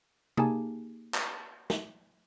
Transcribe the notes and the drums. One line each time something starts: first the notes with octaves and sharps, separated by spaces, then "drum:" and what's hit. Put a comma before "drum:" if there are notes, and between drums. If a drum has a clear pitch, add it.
A#3 D#4 G4 G#4 G#5 A5, drum: tom C3
drum: clap
drum: snare